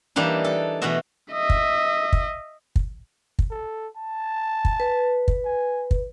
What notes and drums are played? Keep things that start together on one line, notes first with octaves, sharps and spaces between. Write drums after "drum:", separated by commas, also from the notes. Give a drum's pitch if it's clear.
E3 G3 A#3 D4 D#4
A4
B2 E3 A3 F#4 D#5 E5
D#5 E5
drum: kick
drum: kick
drum: kick
drum: kick
A4
A5
drum: kick
B4
drum: kick
G#5
drum: kick